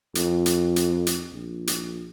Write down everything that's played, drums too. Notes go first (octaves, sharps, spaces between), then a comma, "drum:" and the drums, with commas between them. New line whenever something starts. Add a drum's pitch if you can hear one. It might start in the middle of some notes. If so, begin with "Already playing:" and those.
F2, drum: hi-hat
drum: hi-hat
drum: hi-hat
drum: hi-hat
A#1
drum: hi-hat